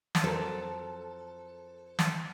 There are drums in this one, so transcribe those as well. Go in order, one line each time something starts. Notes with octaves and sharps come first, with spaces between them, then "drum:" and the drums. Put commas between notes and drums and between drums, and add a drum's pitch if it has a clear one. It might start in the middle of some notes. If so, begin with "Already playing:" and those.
drum: snare
F2 F#3 A4 A#4 C5
drum: snare